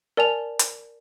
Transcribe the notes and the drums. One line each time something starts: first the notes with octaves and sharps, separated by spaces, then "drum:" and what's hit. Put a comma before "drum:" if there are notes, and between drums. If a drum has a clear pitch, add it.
A#4 D5 G#5 A5 F7
drum: hi-hat